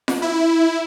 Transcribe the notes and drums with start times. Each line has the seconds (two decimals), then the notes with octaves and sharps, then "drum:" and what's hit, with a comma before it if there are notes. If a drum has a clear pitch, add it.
0.08 drum: snare F4
0.22 E4